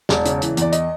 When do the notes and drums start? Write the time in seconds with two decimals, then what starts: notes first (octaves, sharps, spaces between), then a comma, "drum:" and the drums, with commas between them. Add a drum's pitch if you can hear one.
0.09 E1 D5, drum: snare
0.25 C#3, drum: hi-hat
0.42 E3, drum: hi-hat
0.57 E2 D5, drum: hi-hat
0.72 D#5, drum: hi-hat